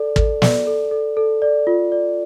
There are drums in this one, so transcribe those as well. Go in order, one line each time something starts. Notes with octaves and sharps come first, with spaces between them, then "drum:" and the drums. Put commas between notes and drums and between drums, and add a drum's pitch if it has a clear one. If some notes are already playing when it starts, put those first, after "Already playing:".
Already playing: A4 D5
A4, drum: kick
D5, drum: snare
A4
A4
A4
D5
F4
D5